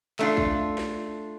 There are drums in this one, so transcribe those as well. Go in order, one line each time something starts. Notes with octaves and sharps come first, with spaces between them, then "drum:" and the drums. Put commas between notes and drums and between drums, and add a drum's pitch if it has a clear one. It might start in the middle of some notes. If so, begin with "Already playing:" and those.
A3 D4 F4, drum: clap
drum: kick
drum: snare